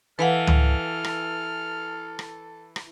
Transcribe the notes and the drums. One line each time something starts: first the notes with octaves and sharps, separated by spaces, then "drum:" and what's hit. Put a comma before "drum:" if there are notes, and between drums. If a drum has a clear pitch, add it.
E3 A4 B4 F5 F#5 F6
drum: tom C#2
drum: rim click
drum: rim click
drum: rim click